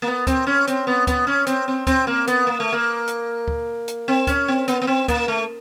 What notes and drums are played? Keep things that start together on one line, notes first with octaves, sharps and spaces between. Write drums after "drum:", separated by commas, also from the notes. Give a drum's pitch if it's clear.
A#3
B3
C4, drum: kick D2, hi-hat
C#4
C4, drum: hi-hat
B3
B3, drum: kick D2, hi-hat
C#4
C4, drum: hi-hat
C4
C4, drum: kick D2, hi-hat
A#3
B3, drum: hi-hat
A#3
A3
A#3
drum: hi-hat
drum: kick D2
drum: hi-hat
C4
C#4, drum: kick D2, hi-hat
C4
B3, drum: hi-hat
B3
C4
A#3, drum: kick D2, hi-hat
A3